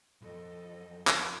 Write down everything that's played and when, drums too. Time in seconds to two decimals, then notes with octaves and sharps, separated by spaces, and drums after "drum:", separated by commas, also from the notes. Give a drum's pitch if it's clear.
0.21 B1 F2 A4 D#5
1.07 drum: clap